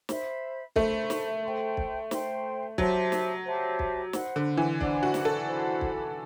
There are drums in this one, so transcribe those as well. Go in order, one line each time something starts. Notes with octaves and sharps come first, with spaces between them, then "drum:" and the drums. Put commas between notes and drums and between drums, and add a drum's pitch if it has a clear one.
C5 E5 B5, drum: snare
A3 C5 E5 B5, drum: kick
drum: snare
C5 G5 C6
drum: kick
C5 G5 C6, drum: snare
F#3 G4 C5 E5 A5, drum: kick
drum: snare
G4 C5 E5 A5
drum: kick
C5 F#5 B5, drum: snare
D3
E3
D4 C5 F#5 B5, drum: kick
F#4
drum: snare
A4
C5 F#5 B5
drum: kick